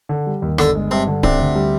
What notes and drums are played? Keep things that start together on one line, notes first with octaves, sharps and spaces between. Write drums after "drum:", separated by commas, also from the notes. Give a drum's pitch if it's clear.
D3
G3
D#2
G1 D3, drum: rim click
G#3
G2 C3
D3
C3 D4, drum: kick D1
D2
G3